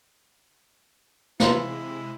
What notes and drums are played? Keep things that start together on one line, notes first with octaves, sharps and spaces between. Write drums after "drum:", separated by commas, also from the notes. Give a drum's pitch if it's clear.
C3 G#3 E4 F5 C6, drum: snare